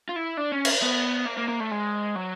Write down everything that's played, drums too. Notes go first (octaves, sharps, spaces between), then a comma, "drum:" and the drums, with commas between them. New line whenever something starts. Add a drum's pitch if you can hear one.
F4
E4
D4
C#4
drum: cymbal
B3
A#3
A#3
A#3
A3
G#3
F#3